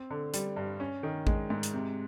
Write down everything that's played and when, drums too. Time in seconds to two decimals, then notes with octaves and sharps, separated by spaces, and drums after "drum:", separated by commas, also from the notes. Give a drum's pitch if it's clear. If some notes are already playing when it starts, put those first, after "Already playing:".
Already playing: C4
0.10 D3
0.34 G3, drum: hi-hat
0.57 G2
0.80 C#4
1.03 D#3
1.27 G#3, drum: kick A1
1.50 G#2
1.63 drum: hi-hat
1.74 C3